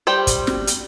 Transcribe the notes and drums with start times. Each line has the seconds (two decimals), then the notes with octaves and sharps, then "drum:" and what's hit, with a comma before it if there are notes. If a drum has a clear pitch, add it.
0.07 G3 C5 G5
0.27 drum: kick, hi-hat
0.47 drum: snare
0.67 drum: hi-hat